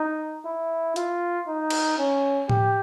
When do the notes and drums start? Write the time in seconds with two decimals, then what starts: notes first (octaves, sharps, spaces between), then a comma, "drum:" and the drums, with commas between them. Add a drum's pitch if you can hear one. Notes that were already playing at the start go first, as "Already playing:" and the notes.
Already playing: D#4
0.46 E4
0.96 F4, drum: hi-hat
1.47 D#4
1.70 drum: cymbal
1.98 C#4
2.49 G4, drum: tom A2